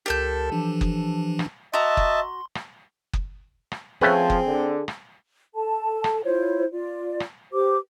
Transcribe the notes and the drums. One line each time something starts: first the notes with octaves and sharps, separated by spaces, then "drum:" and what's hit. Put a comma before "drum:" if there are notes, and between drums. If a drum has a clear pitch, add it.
C#2 G4 A4 A#4 G6 A6
E3 F3 D4
drum: kick F#1
drum: rim click
F#4 D#5 E5 A5 A#5 C6
drum: kick F#1
drum: rim click
drum: kick F#1
drum: rim click
F3 A3 C4 C#4 G#4 B4 G#5
drum: kick F#1
D3
drum: rim click
A4 A5
drum: rim click
E4 F4 C5 C#5
F4 D5
drum: rim click
G4 B4 C5 D6